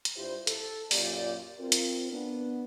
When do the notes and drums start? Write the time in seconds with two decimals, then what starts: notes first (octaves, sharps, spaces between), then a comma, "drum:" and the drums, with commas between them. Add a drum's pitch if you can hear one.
0.05 drum: hi-hat
0.17 G2 E4 F4 G4 C5
0.47 A4, drum: hi-hat
0.91 F#2 A#2 F4 G4 D5, drum: open hi-hat
1.58 C4 F4 A#4
1.72 drum: hi-hat
2.12 B3 D4